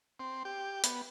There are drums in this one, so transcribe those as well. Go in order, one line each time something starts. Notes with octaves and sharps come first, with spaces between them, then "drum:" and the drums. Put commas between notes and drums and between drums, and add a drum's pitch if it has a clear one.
C4
G4
B3, drum: hi-hat